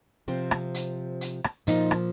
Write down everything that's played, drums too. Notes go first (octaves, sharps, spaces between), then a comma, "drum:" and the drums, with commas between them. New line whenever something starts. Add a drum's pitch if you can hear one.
C3 F3 C4
drum: rim click
drum: hi-hat
drum: hi-hat
drum: rim click
A#2 F3 D#4, drum: hi-hat
drum: rim click